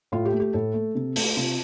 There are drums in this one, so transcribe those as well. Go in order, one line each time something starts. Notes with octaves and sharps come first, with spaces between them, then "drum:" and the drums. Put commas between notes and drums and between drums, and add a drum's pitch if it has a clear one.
A2 F4
G4
A3
G4
A2 A4
A3
C3
A3, drum: open hi-hat
C3 F4